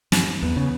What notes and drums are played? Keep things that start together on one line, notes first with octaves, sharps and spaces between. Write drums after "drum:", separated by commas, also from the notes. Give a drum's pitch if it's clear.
G2, drum: snare
E2 B3
C#3